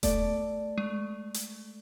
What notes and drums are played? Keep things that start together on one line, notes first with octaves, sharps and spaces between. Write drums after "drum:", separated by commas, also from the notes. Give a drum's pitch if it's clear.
A3 D5, drum: kick E1, hi-hat
G#3
drum: hi-hat